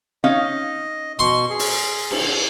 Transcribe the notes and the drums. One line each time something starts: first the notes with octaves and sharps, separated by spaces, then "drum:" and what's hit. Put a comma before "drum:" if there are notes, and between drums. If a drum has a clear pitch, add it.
C#4 D#4 D#5 F5
B2 C6 C#6
G#4
drum: open hi-hat
drum: cymbal